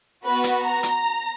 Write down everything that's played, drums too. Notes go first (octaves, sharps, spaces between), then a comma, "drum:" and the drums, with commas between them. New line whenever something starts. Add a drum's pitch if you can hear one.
B3 F#4 B4
drum: hi-hat
A#5
drum: hi-hat